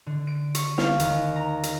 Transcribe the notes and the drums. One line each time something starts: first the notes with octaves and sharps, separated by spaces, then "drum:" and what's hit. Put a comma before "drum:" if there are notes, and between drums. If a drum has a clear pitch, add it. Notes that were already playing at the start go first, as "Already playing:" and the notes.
D3
D7
C#6, drum: hi-hat
F5, drum: snare
D#2, drum: hi-hat
A#5
drum: hi-hat